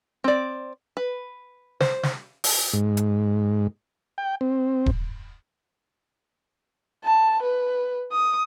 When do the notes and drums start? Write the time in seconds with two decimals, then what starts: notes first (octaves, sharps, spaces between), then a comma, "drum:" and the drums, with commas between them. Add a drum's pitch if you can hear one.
0.24 C4 D5
0.97 B4
1.80 C5, drum: snare
2.03 drum: snare
2.44 drum: open hi-hat
2.73 G#2
2.97 drum: hi-hat
4.18 G5
4.41 C4
4.86 drum: kick D#1
7.05 A5
7.43 B4
8.12 D#6